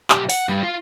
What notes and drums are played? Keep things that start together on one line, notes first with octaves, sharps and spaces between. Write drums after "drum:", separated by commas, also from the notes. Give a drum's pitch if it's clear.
B1 G4, drum: clap
F#5, drum: open hi-hat
G2 G3
F4